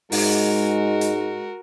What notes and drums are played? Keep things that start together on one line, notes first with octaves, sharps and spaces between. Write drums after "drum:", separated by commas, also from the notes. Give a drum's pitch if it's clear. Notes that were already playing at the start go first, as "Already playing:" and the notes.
G#2 G#3 F#4 A#4, drum: open hi-hat
drum: hi-hat